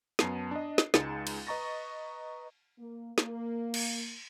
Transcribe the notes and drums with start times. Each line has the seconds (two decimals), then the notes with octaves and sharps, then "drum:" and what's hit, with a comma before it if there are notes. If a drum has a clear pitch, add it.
0.19 F#2 B3 A5 C7 D#7, drum: snare
0.51 D4 D#5
0.78 drum: snare
0.94 C#2 G#3 D#4 A6 C#7 E7, drum: snare
1.27 drum: cymbal
1.47 B4 D#5 A#5 C#6 A6 A#6
2.79 A#3
3.18 A#3, drum: snare
3.74 drum: cymbal